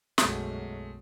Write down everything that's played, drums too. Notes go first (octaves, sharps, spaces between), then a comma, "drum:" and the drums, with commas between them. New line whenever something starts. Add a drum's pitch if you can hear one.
B1 F#2 G#3 A3, drum: snare